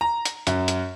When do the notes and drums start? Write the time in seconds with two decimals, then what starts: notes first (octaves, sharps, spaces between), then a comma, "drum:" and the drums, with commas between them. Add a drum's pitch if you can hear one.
0.01 A#5
0.25 drum: hi-hat
0.47 F#2, drum: hi-hat
0.68 drum: hi-hat